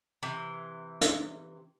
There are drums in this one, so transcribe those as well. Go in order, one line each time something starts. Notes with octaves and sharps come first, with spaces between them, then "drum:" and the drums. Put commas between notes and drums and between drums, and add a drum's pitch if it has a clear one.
C3 E3
drum: hi-hat